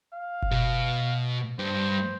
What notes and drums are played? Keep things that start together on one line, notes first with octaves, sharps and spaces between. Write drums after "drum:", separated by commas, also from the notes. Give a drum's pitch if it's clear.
F5
drum: kick F#1
B2
G2 C5